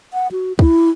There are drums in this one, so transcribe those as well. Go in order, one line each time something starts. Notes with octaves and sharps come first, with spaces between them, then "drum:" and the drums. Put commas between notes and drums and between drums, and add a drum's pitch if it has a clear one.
F#5
F#4
E4, drum: kick